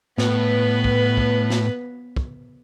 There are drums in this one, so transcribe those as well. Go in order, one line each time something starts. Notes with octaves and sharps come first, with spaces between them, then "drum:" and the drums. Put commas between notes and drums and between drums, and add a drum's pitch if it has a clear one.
A2 B3 B4, drum: snare
drum: kick
drum: kick
drum: snare
drum: kick